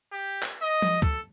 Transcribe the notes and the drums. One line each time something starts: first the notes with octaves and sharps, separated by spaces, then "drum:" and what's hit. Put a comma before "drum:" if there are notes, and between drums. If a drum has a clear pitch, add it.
G4
drum: clap
D#5
drum: tom F3
A4, drum: kick C#2